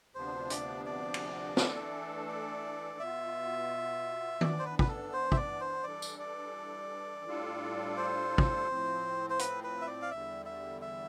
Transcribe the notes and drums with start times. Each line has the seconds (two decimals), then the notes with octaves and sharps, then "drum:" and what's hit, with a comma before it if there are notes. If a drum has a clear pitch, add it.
0.14 D2 C3 F3 B3 D4 C5
0.50 D5, drum: hi-hat
0.86 D5
1.14 drum: cymbal
1.57 E3 A3 D4 A4, drum: snare
2.28 D5
2.99 B2 B3 F4 E5
4.41 E3 B3 D4 D5, drum: tom D#3
4.59 C5
4.65 B4
4.79 B4, drum: kick
4.88 A4
5.13 C5
5.32 E5, drum: kick
5.36 D5
5.61 C5
5.83 E3 G3 D4 A4 D5
6.02 drum: tambourine
6.19 D5
7.25 A2 G3 D4 F4 A4
7.97 C5
8.38 drum: kick
8.69 A2 F3 C4
9.30 C5
9.39 B4, drum: hi-hat
9.64 B4
9.82 E5
9.87 D5
10.02 F5
10.11 E2 D3 G3 E5
10.46 E5
10.81 E5